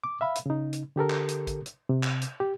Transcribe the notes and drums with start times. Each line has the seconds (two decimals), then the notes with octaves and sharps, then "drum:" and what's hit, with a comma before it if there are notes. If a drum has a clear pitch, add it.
0.04 D6
0.21 E5 F5 B5
0.35 drum: hi-hat
0.46 C#3 D#4
0.73 drum: hi-hat
0.96 D3 G4 A4 A#4
1.10 drum: clap
1.29 drum: hi-hat
1.47 drum: kick, hi-hat
1.66 drum: hi-hat
1.89 C3
2.03 drum: clap
2.22 drum: hi-hat
2.40 G4